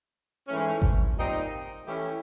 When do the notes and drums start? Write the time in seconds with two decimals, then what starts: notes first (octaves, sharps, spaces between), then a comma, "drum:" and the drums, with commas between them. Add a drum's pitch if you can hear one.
0.48 G#2 E3 A3 C#4
0.82 drum: kick G#1
1.17 A#2 G3 C4 D#4
1.87 E3 A3 C#4 E4 G4